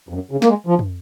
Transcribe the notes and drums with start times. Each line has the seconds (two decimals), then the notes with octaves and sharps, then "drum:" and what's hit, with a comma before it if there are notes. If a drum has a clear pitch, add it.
0.09 F2
0.14 F#2
0.31 C#3
0.42 A#3, drum: snare
0.48 G#3
0.67 F3
0.79 drum: tom